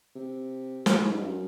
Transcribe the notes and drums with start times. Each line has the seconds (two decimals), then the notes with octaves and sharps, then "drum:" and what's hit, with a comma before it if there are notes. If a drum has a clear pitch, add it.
0.15 C3
0.86 B2, drum: snare
0.95 A2
1.04 G#2
1.13 G2
1.22 F#2